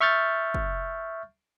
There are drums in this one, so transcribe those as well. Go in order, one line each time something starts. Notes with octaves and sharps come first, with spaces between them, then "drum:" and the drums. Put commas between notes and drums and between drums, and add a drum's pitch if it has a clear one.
E5 C#6 F6 G6 A6
drum: kick